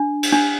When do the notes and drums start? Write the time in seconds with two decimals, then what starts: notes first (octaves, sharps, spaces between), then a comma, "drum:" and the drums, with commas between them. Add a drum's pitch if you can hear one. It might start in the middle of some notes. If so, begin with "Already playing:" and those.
Already playing: D4
0.23 drum: cymbal
0.32 D4